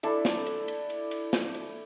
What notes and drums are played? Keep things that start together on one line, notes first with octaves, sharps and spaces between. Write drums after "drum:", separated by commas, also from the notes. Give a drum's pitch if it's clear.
D4 E4 A4, drum: cymbal
drum: snare
drum: cymbal
drum: cymbal
drum: cymbal
drum: cymbal
drum: snare
drum: cymbal